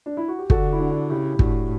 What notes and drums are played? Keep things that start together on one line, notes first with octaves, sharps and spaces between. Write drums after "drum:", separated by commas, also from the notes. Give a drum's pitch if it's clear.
D4
E4
F#4
G4
D3 F#4 A4, drum: kick
E4
D4 F#4
D4 F#4
C#3 E4 G4
A2 D4 F#4, drum: kick